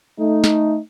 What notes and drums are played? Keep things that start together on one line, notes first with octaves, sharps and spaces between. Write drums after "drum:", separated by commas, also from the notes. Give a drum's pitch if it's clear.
A3 D#4
drum: snare